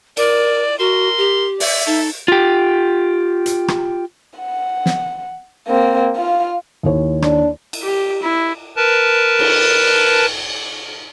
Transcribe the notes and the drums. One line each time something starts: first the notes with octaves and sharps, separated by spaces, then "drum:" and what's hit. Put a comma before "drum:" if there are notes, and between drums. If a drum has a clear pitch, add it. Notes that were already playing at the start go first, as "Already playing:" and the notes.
A#4 D5, drum: cymbal
F#4 A#4 C6
G4
D5 E5, drum: open hi-hat
D#4 A4
F4 G4
drum: hi-hat
drum: rim click
F#5
drum: snare
A#3 C4
F4 F5
D#2 E4 C#5
D4, drum: rim click
drum: cymbal
G4
E4
A#4 B4 A5
drum: cymbal